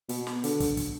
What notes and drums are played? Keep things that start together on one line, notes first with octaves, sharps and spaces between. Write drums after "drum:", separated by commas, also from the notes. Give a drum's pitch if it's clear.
B2, drum: hi-hat
drum: snare
D3, drum: hi-hat
drum: kick, hi-hat
drum: kick, hi-hat